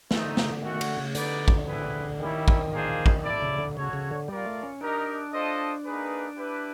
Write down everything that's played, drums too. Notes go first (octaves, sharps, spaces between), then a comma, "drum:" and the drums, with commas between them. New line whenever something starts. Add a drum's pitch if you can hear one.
E3 A3 C4 D#4, drum: snare
D3
C#3, drum: snare
D3
D#3 A3 C#4 F#4
D3, drum: cymbal
C#3
D3 D#4 G4 B4 D5, drum: hi-hat
drum: kick
C4 E4 G#4 B4
D#3 G3 A#3 C#4 E4
drum: kick
A#3 D4 F4 G#4 C5
drum: kick
E4 A4 D5
C#3
D3
C#3 F#4 A4 C#5
C#3
D3
G3 F4 A#4 D5
A3
C#4
D4 D#4 G4 A#4 D#5
F4 A4 C5 D#5
A#3 D#4 G#4 B4
E4 G4 B4